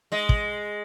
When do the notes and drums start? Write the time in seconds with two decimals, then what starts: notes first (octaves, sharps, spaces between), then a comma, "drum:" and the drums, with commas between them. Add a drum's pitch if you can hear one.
0.12 G#3 D#5
0.29 drum: kick